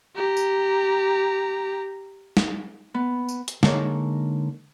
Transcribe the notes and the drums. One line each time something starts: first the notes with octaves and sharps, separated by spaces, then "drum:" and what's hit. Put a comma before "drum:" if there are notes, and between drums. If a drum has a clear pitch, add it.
G4 A#5
drum: tambourine
drum: snare
B3
drum: tambourine
drum: hi-hat
D3 G#3 A#3 D#4 C#5, drum: snare